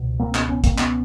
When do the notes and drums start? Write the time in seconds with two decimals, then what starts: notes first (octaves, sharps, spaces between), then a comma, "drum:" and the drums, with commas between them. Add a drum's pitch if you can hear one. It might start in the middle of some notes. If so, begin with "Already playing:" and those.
Already playing: C#2 B2
0.19 A#3 C4
0.35 B3 C#4, drum: clap
0.49 B3 C#4
0.64 A#3 C4, drum: kick, hi-hat
0.78 B3 C#4, drum: clap